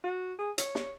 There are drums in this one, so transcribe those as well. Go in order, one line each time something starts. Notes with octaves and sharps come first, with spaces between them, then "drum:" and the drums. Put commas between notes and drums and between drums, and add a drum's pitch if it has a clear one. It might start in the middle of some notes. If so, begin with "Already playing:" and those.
F#4
G#4
C#5, drum: hi-hat
drum: snare